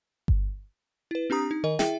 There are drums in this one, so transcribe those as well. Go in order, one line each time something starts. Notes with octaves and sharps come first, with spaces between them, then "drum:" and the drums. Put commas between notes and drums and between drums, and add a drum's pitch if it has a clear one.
drum: kick G1
E4 B4
C4 D4 G4 A#5 D#6
D#4
D#3 A#4 D#5
E4 G#4 E5 G5, drum: snare